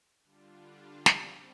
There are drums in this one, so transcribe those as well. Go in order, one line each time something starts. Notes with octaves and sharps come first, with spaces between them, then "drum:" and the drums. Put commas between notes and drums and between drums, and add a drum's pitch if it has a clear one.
D3 G3 D4 F4
G3 C4 G4, drum: snare